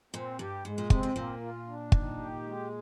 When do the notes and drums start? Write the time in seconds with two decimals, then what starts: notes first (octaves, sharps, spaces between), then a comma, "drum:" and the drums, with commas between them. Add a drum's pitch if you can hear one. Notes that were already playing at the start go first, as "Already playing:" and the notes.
0.13 A#2 C4
0.39 G2 G4
0.65 G#2 G#3
0.78 A#2
0.90 C3 C4, drum: kick
1.03 C3
1.16 A#2 A#3
1.41 F4
1.67 D4
1.92 D#3, drum: kick
2.18 G4
2.43 G#3